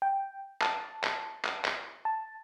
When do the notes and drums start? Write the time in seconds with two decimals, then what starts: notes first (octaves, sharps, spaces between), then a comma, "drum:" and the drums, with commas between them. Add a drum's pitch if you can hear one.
0.02 G5
0.61 A5, drum: clap
1.04 drum: clap
1.45 drum: clap
1.65 drum: clap
2.05 A5